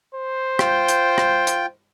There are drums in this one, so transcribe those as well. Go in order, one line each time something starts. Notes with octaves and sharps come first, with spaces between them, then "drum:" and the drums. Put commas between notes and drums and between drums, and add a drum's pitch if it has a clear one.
C5
F4 G5, drum: rim click
drum: hi-hat
drum: rim click
drum: hi-hat